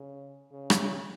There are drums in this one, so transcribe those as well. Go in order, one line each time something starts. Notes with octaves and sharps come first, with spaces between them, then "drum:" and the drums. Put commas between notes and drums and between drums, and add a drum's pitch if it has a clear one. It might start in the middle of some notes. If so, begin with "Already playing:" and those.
Already playing: C#3
C#3
drum: rim click